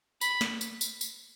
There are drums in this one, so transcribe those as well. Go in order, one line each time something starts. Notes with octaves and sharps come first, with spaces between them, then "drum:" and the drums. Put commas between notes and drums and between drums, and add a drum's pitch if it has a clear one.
B5, drum: tambourine
drum: snare
drum: tambourine
drum: tambourine
drum: tambourine